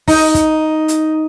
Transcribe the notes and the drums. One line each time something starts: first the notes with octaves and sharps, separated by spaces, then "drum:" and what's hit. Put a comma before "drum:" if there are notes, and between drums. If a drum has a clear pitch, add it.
D#4, drum: kick, open hi-hat
drum: kick, hi-hat
drum: hi-hat